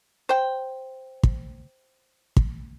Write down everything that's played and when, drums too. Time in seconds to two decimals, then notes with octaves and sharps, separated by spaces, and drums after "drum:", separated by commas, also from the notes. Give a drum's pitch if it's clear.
0.29 C5 G5
1.23 drum: kick
2.37 drum: kick